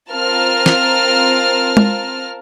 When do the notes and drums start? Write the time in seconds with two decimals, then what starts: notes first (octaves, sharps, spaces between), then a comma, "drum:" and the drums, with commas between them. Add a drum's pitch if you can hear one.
0.11 C4 F4 A#4 A5 F6
0.66 drum: snare
1.77 drum: tom G#3